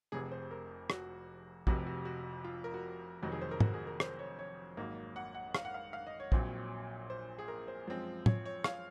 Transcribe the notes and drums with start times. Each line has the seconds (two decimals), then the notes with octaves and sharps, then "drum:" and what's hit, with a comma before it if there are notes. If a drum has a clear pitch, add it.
0.12 F1 F2 C3 G#4
0.32 C5
0.51 A#4
0.90 F#4, drum: rim click
1.67 F1 F2 C3 F#4, drum: kick A#1
1.86 F#4
2.05 F#4
2.44 F4
2.64 A#4
2.74 F#4
3.22 F1 F2 D#3 F#3 F#4
3.32 G#4
3.41 C5
3.51 A#4
3.60 F#4, drum: tom
3.74 G#4
3.87 A#4
4.00 C5, drum: rim click
4.19 C#5
4.39 C#5
4.77 G#1 G#2 F#3 A#3
5.16 F#5
5.35 F#5
5.55 F5, drum: rim click
5.65 F#5
5.74 F5
5.93 F5
6.07 D#5
6.20 C#5
6.32 A#1 A#2 F#3 C4, drum: kick A#1
7.10 C5
7.39 G#4
7.48 A#4
7.68 C5
7.87 F#2 F3 G#3 C4
8.26 C#5, drum: tom
8.46 C#5
8.64 F5, drum: rim click